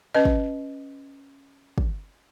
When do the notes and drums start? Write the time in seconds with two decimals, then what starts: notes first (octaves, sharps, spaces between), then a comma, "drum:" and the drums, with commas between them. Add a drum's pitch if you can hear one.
0.15 C#4 B4 D#5
0.25 drum: kick
1.78 drum: kick